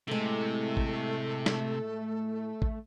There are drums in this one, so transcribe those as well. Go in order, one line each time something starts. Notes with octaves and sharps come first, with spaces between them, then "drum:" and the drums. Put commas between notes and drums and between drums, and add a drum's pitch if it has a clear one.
A2 C3 G#3 A3 A4
drum: kick A1
drum: snare
drum: kick A1